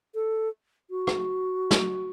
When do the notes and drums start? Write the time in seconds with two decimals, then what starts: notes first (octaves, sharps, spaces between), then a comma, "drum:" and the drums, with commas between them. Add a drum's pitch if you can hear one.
0.15 A4
0.90 F#4
1.07 drum: rim click
1.71 drum: snare